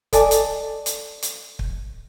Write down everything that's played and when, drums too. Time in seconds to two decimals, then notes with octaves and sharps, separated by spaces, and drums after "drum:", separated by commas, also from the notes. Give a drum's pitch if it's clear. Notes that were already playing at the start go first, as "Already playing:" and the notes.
0.13 A4 D5 D#5 G#5 A5 D6, drum: kick, hi-hat
0.31 drum: hi-hat
0.86 drum: hi-hat
1.22 drum: hi-hat
1.59 drum: kick